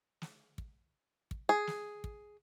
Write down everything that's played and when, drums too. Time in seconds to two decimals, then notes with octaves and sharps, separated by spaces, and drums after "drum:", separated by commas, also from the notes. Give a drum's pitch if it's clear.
0.22 drum: snare
0.58 drum: kick
1.31 drum: kick
1.49 G#4
1.67 drum: snare
2.04 drum: kick